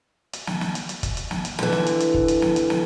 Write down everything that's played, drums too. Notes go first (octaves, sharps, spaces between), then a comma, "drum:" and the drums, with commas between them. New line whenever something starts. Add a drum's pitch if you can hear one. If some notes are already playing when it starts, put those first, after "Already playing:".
drum: hi-hat
drum: snare
drum: snare
drum: hi-hat
drum: hi-hat
drum: kick, hi-hat
drum: hi-hat
drum: snare
drum: hi-hat
D3 E3, drum: snare
drum: snare
drum: hi-hat
drum: hi-hat
drum: kick
drum: hi-hat
drum: snare
drum: hi-hat
drum: snare